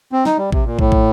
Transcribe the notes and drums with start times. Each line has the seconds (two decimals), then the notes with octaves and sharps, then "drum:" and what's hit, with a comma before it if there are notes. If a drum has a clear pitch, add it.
0.12 C4
0.25 D#4, drum: snare
0.38 G3
0.52 C3, drum: kick
0.66 A#2
0.79 A2, drum: kick
0.92 drum: kick